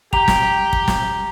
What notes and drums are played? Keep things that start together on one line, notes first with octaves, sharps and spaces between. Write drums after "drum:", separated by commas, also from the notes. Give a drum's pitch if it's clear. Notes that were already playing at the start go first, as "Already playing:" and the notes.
G4 A#5 F7, drum: kick
drum: snare
drum: kick
drum: snare